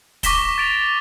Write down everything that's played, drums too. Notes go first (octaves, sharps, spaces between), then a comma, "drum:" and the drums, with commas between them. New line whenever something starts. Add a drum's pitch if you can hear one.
C#6 D6 A#6 B6 E7 G7, drum: kick, hi-hat
A6 D7 F7
F7